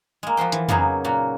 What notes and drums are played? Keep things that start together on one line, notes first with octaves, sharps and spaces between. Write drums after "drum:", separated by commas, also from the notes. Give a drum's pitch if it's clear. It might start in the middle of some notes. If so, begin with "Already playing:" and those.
G#3 A#3
F3 F#4 C5 G5
E3, drum: hi-hat
C#3 F#3 A#3 B3 D#4 G#4, drum: tom F2
A#2 A#3 F#4